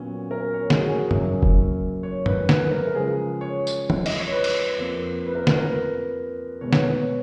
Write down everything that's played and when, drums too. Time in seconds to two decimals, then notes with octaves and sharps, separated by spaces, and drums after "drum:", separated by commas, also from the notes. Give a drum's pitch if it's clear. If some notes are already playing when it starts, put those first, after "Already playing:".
Already playing: A#2 F#3 B3 C#4
0.31 A#4
0.54 C#5
0.70 G#4, drum: snare
0.76 F#4
0.88 G#4
0.99 C#5
1.11 F#2 C#3 F#3 A#3, drum: tom
1.42 drum: kick F1
2.03 C#5
2.26 B4, drum: tom
2.49 B4, drum: snare
2.71 A#4
2.87 A#4
2.95 C#3 F3 G#3 G#4
3.41 C#5
3.67 drum: tambourine
3.90 drum: tom
4.06 D#5, drum: cymbal
4.19 C#5
4.32 B4
4.44 drum: cymbal
4.79 F2 F3 A#3
5.27 B4
5.35 A#4
5.47 B4, drum: snare
5.58 A#4
5.70 B4
6.61 B2 G#3 B3 C#5
6.73 B4, drum: snare
6.83 C#5